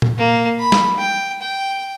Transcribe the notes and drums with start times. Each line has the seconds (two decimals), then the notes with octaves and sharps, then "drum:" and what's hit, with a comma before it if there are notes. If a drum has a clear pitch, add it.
0.02 drum: tom A#2
0.18 A#3
0.59 B5
0.72 drum: snare
0.98 G5
1.41 G5